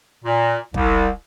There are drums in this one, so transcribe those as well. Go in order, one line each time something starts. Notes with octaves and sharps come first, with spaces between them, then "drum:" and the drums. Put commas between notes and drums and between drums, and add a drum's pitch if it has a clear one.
A#2
C2, drum: kick